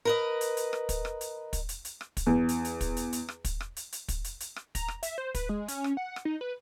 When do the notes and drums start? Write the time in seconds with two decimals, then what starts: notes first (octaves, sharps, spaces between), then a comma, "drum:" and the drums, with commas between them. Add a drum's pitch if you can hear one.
0.05 A#4 B4 D#5
0.41 drum: hi-hat
0.57 drum: hi-hat
0.73 drum: rim click
0.89 drum: kick, hi-hat
1.05 drum: rim click
1.21 drum: hi-hat
1.53 drum: kick, hi-hat
1.69 drum: hi-hat
1.85 drum: hi-hat
2.01 drum: rim click
2.17 drum: kick, hi-hat
2.26 E2
2.49 drum: hi-hat
2.65 drum: hi-hat
2.81 drum: kick, hi-hat
2.97 drum: hi-hat
3.13 drum: hi-hat
3.29 drum: rim click
3.45 drum: kick, hi-hat
3.61 drum: rim click
3.76 drum: hi-hat
3.92 drum: hi-hat
4.08 drum: kick, hi-hat
4.24 drum: hi-hat
4.40 drum: hi-hat
4.56 drum: rim click
4.75 A#5, drum: kick, hi-hat
4.88 drum: rim click
5.03 E5, drum: hi-hat
5.18 C5
5.34 B4, drum: kick, hi-hat
5.49 G#3
5.68 C#4, drum: hi-hat
5.84 drum: rim click
5.97 F#5
6.16 drum: rim click
6.25 D#4
6.41 B4